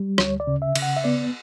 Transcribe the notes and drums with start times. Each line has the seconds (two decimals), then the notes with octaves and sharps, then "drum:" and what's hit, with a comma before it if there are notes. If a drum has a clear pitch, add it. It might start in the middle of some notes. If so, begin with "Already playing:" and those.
Already playing: G3
0.18 D2 C#5, drum: rim click
0.40 D5
0.47 C#3
0.62 E5
0.75 C#3, drum: cymbal
0.82 F#5
0.96 E5
1.04 B3 D5